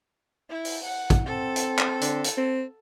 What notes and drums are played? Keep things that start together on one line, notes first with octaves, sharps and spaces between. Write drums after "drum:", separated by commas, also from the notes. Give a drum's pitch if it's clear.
E4
drum: open hi-hat
F#5
drum: kick, hi-hat
C4 A4
drum: hi-hat
drum: clap
D3, drum: hi-hat
drum: hi-hat
C4